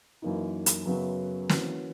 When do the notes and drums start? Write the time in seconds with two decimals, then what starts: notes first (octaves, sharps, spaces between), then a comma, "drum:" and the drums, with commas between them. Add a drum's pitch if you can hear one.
0.22 F#2 E3 A#3 D#4
0.66 drum: hi-hat
0.86 F#2 C#3 F#3 B3
1.49 E3 A#3 C#4 F#4 B4, drum: snare